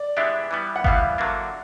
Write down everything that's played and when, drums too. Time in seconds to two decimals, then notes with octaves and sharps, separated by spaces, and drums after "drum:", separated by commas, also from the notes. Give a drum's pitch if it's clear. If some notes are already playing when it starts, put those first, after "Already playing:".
Already playing: D5
0.17 E3 G#3 B3 D4 G4 E5
0.51 E3 G3 B3
0.76 F#5
0.84 E3 G3 B3 F5, drum: kick G1
1.18 D3 F#3 A#3 D4